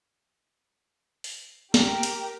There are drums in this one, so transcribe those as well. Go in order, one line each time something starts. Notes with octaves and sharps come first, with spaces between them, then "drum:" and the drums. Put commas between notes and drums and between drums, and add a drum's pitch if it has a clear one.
drum: open hi-hat
G4 A#4, drum: snare
drum: hi-hat